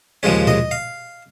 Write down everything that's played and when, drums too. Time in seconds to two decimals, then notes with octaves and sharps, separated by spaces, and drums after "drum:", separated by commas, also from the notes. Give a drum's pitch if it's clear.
0.23 D#2 C#3 F3 G#3 C#4
0.47 D#5, drum: tom B2
0.71 F5